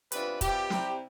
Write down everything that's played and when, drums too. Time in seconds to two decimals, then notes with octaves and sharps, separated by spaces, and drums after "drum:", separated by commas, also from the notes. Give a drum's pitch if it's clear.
0.12 C3 E3 B3 D4 F4 B4, drum: hi-hat
0.41 E3 G3 C4 F4 G4, drum: kick, hi-hat
0.70 C3 G3 C4 E4, drum: snare